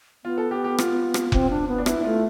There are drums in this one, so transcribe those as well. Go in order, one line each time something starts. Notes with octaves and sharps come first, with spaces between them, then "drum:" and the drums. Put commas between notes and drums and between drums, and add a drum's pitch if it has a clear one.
B3 F4
A4
G4
G4
F4, drum: rim click
drum: rim click
C4, drum: kick F1
D4
B3
D4
B3 E4, drum: rim click
E4
A3 F4